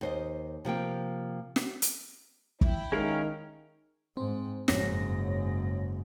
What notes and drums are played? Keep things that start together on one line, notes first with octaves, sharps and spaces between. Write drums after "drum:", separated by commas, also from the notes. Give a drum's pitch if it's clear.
D#2 C5 D#5
C3 F3 A#3 G5
drum: snare
drum: hi-hat
E4 G5, drum: kick
D#3 G#3 C#4 A#4 F5
G#2 C4
F#1 F2 G#2 C#5 A#6, drum: snare